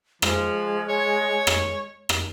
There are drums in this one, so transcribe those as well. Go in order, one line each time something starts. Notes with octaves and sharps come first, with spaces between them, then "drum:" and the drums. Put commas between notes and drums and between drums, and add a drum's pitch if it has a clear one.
F3 G#3, drum: rim click
C#5
drum: rim click
drum: rim click